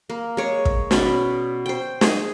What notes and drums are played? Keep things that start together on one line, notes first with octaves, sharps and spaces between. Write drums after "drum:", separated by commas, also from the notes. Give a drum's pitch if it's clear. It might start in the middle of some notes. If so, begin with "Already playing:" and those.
A#3
G#3 C#5
drum: kick
B2 C#4 D5 B5, drum: snare
C5 G5
G#4, drum: snare